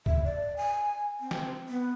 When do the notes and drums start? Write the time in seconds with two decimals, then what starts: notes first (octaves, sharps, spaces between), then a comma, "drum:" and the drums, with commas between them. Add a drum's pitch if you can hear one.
0.06 E5, drum: kick
0.24 D5
0.57 G#5
1.20 C4
1.31 drum: snare
1.69 B3